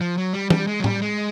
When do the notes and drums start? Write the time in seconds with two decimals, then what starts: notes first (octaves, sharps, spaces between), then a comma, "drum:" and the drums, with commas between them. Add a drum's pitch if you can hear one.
0.01 F3
0.17 F#3
0.33 G3
0.50 G3, drum: tom
0.67 G#3
0.80 F#3
0.84 G3, drum: tom
1.02 G#3